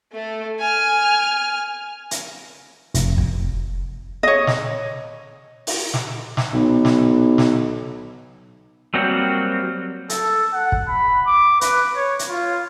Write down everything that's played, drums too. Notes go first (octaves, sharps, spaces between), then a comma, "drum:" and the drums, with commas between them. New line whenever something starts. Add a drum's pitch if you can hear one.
A3 A4
G#5 F6
drum: hi-hat
F1, drum: hi-hat
drum: kick
C#5 D#5
drum: snare
drum: open hi-hat
drum: snare
drum: snare
B1
drum: snare
drum: snare
F#3 G3 A#3 C4 F#4
A4, drum: hi-hat
F#5
drum: kick
B5
D6
B4, drum: hi-hat
C#5
drum: hi-hat
F4